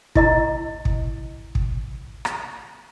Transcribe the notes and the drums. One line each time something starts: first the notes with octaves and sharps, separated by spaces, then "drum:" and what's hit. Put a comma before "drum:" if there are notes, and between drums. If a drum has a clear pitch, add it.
E4 D#5 A#5, drum: kick
drum: kick
drum: kick
drum: rim click